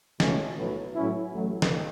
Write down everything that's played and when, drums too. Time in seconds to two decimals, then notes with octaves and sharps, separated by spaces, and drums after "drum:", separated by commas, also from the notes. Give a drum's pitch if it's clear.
0.20 C#2 B2 A3 C#4, drum: snare
0.57 B1 A2 F#3 B3
0.95 A2 F#3 C#4 E4
1.32 A1 A2 F#3 A3
1.62 drum: snare